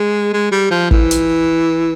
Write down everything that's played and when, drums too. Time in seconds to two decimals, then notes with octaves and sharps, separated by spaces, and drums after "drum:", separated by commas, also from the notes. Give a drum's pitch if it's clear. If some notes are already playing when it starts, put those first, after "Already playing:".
Already playing: G#3
0.33 G#3
0.52 G3
0.71 F3
0.91 E3, drum: kick
1.11 drum: hi-hat